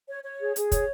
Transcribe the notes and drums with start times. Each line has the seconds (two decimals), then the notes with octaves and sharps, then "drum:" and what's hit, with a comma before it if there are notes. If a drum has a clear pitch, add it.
0.08 C#5
0.24 C#5
0.40 G#4
0.56 G#4, drum: hi-hat
0.72 C#5, drum: kick, hi-hat